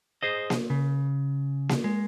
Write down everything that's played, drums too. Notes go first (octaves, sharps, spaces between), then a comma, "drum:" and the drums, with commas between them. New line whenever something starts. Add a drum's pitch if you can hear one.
G#4 C5 D#5
drum: snare A#3
C#3
drum: snare A#3
G#3